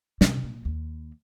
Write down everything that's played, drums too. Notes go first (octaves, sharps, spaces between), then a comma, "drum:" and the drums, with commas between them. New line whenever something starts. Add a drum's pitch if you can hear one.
C3, drum: snare
A#2
D#2